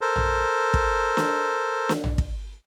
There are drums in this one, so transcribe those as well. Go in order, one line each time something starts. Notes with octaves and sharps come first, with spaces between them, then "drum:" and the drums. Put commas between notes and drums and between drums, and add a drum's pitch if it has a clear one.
A4 A#4 C5
drum: tom A#1
drum: kick
drum: snare
drum: snare
drum: tom A#1
drum: kick